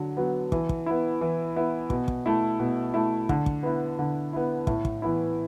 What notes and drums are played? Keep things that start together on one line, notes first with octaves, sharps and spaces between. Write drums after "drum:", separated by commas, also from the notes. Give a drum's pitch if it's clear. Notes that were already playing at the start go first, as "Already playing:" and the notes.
Already playing: D3 F#3
F#3 B3
E3, drum: kick
drum: kick
B3 E4
E3
B3 E4
B2, drum: kick
drum: kick
A3 E4
B2
A3 E4
D3, drum: kick
drum: kick
B3 E4
D3
B3 E4
A2, drum: kick
drum: kick
E3 B3 E4